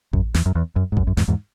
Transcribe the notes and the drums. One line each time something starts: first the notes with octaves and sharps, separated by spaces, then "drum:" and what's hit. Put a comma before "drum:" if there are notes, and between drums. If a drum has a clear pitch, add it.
F#2, drum: kick A1
E2, drum: snare
F#2
E2
F#2
G#2
F#2, drum: kick A1
F#2
E2 G#2, drum: snare
E2 G#2